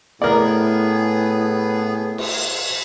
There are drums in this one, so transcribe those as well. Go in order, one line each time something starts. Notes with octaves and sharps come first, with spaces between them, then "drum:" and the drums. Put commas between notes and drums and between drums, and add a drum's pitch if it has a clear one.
A2 B3 G#4 A#4 D5
drum: cymbal